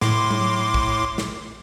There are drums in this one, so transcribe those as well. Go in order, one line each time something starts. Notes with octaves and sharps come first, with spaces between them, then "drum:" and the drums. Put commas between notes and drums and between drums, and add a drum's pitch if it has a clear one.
A2 C6 D6, drum: snare
drum: tom F#3
drum: kick
drum: snare